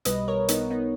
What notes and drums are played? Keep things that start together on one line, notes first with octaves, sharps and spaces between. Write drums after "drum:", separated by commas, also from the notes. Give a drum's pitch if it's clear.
B1 B2 G3 B4 D#5, drum: hi-hat
A#4 C#5
B3 D#4, drum: hi-hat
B3 D#4